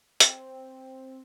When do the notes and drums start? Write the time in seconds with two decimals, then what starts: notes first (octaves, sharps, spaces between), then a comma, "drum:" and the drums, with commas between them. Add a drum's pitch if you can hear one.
0.20 C4, drum: hi-hat